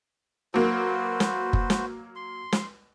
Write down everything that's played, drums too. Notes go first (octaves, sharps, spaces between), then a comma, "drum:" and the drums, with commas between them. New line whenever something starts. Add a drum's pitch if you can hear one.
F#3 A#3 F#4 B4 C5
drum: snare
drum: kick
drum: snare
C6
drum: snare